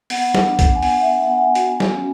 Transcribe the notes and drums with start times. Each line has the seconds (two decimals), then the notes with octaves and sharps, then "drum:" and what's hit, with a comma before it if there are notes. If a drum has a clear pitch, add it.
0.10 B3 F#5, drum: open hi-hat
0.34 drum: snare
0.47 D4
0.59 drum: kick A#1, hi-hat
0.76 G#5
0.82 B3 F#5, drum: open hi-hat
1.01 E5
1.20 B3 F#5
1.38 G#5
1.55 F#4, drum: hi-hat
1.80 drum: snare
1.93 C#4